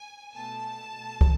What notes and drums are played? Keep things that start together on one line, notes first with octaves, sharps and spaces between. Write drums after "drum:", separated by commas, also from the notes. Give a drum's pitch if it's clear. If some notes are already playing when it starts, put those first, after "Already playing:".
Already playing: G#5
B2 A3 A5
B2 A3
drum: kick